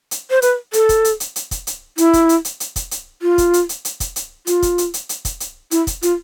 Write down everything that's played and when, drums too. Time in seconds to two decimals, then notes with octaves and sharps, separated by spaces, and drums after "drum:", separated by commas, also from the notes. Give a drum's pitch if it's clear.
0.11 drum: hi-hat
0.31 C5
0.42 B4, drum: hi-hat
0.73 A4, drum: hi-hat
0.89 drum: kick, hi-hat
1.05 drum: hi-hat
1.20 drum: hi-hat
1.36 drum: hi-hat
1.51 drum: kick, hi-hat
1.67 drum: hi-hat
1.98 E4, drum: hi-hat
2.13 drum: kick, hi-hat
2.29 drum: hi-hat
2.45 drum: hi-hat
2.60 drum: hi-hat
2.76 drum: kick, hi-hat
2.91 drum: hi-hat
3.22 F4
3.38 drum: kick, hi-hat
3.54 drum: hi-hat
3.69 drum: hi-hat
3.85 drum: hi-hat
4.00 drum: kick, hi-hat
4.16 drum: hi-hat
4.47 F4, drum: hi-hat
4.62 drum: kick, hi-hat
4.78 drum: hi-hat
4.94 drum: hi-hat
5.09 drum: hi-hat
5.25 drum: kick, hi-hat
5.40 drum: hi-hat
5.71 E4, drum: hi-hat
5.87 drum: kick, hi-hat
6.02 F4, drum: hi-hat